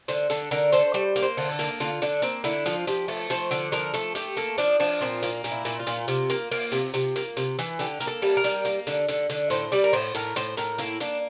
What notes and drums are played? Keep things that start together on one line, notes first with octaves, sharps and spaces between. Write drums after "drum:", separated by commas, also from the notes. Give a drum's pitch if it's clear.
D3 C5, drum: hi-hat
D3 A4, drum: hi-hat
D3 A#4, drum: hi-hat
A3 C5, drum: hi-hat
G3 C5
A#3, drum: hi-hat
C5
D3, drum: open hi-hat
A4
A#3, drum: hi-hat
D3 F4, drum: hi-hat
D3 D4, drum: hi-hat
A#3 C4, drum: hi-hat
D3 E4, drum: hi-hat
F3 F4, drum: hi-hat
F3 G4, drum: hi-hat
A3 A4, drum: open hi-hat
F3 C5, drum: hi-hat
D3 D5, drum: hi-hat
F3 A#4, drum: hi-hat
A3 A4, drum: hi-hat
A3 G4, drum: hi-hat
A#3 A4, drum: hi-hat
F3 D4, drum: hi-hat
F3 D4, drum: open hi-hat
A#2 C4
A#3, drum: hi-hat
A#2, drum: hi-hat
E4
A#2, drum: hi-hat
F4
A#2, drum: hi-hat
C3, drum: hi-hat
A#3, drum: hi-hat
A#3, drum: open hi-hat
C3, drum: hi-hat
C3, drum: hi-hat
A#3, drum: hi-hat
C3, drum: hi-hat
E3, drum: hi-hat
D3 G4, drum: hi-hat
A#3 A#4, drum: hi-hat
A4
G3, drum: open hi-hat
A#4
G3, drum: hi-hat
A#3, drum: hi-hat
D3, drum: hi-hat
D3, drum: hi-hat
D3, drum: hi-hat
A2 C5, drum: hi-hat
G3 D5, drum: hi-hat
A#4
A2 C5, drum: open hi-hat
A2 A#4, drum: hi-hat
A2 C5, drum: hi-hat
A2 A#4, drum: hi-hat
A#3 E4, drum: hi-hat
A#3 D4, drum: hi-hat